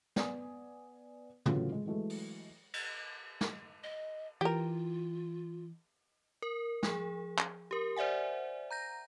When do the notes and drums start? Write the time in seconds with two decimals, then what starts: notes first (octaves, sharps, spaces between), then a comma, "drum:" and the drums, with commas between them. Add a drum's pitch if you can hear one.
0.16 B3 D5 G#5 D#6, drum: snare
1.46 A2 C#3 E3 F#3 E4 F4, drum: tom
1.72 G#3
1.86 E3 F#3 G#3 A3
2.10 drum: open hi-hat
2.73 drum: cymbal
3.41 drum: snare
3.83 D#5
4.41 E3 F4 G4 A#4
6.42 A#4
6.83 F3 G#4, drum: snare
7.38 drum: clap
7.71 G4 A#4
7.96 C5 D5 E5 F#5 G#5
8.71 A#5 G6 A#6